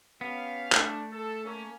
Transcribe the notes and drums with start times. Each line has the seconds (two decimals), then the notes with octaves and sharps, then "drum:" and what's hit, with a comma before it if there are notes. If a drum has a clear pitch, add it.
0.21 B3 C#4 G4 F5
0.72 A3 D4, drum: clap
1.12 A4
1.45 A#3 C#4